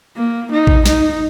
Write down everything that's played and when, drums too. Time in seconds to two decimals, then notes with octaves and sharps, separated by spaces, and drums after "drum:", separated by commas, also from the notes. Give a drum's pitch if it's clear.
0.17 A#3
0.51 D#4
0.67 drum: kick A1
0.85 D#4, drum: snare